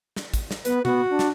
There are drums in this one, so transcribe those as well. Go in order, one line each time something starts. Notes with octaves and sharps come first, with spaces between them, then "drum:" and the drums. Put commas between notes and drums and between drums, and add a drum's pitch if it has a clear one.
drum: snare
drum: kick, hi-hat
drum: snare
B3 B4, drum: hi-hat
B3 F#4, drum: tom B2
D4
drum: snare